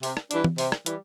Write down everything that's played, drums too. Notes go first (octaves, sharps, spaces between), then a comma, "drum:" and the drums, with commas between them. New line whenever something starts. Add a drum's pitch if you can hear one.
C3, drum: open hi-hat
drum: rim click
E3 G3 D4, drum: hi-hat
drum: tom
C3, drum: open hi-hat
drum: rim click
E3 G3, drum: hi-hat